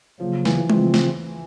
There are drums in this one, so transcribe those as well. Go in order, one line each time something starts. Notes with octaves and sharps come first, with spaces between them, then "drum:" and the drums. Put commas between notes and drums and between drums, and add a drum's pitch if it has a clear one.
C#3 F3 F#3 A#3
E3, drum: snare
C#3 F3 A3 C4 F4, drum: tom G#3
drum: snare